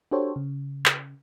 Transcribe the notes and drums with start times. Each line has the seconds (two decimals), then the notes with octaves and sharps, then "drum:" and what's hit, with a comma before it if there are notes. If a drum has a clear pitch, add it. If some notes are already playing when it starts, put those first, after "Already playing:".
0.11 D4 F#4 G4 A4 C5 C#5
0.36 C#3
0.86 drum: clap